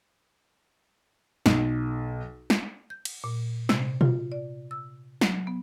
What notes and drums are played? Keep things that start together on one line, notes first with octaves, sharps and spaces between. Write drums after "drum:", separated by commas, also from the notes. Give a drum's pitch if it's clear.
B1, drum: snare
drum: snare
G6
drum: cymbal
A#2
C3, drum: snare
F4, drum: tom B2
D5
E6
F#3, drum: snare
B3